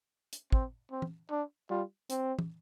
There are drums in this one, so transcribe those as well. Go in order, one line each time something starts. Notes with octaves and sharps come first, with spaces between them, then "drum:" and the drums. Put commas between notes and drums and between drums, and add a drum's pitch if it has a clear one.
drum: hi-hat
C4, drum: kick
C4
drum: tom
D4
G3 F4
C4, drum: hi-hat
drum: tom